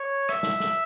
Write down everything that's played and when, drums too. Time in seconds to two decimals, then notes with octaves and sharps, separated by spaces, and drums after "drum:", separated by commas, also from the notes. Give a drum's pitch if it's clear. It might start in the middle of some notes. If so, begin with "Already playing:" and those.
Already playing: C#5
0.29 E5, drum: rim click
0.43 drum: snare
0.60 drum: snare